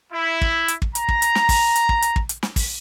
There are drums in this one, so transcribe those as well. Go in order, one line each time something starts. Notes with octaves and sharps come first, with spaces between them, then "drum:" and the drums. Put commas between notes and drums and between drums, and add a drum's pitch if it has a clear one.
E4
drum: kick
drum: hi-hat
drum: kick
A#5, drum: hi-hat
drum: kick
drum: hi-hat
drum: snare
drum: kick, open hi-hat
drum: hi-hat
drum: kick
drum: hi-hat
drum: kick
drum: hi-hat
drum: snare
drum: kick, open hi-hat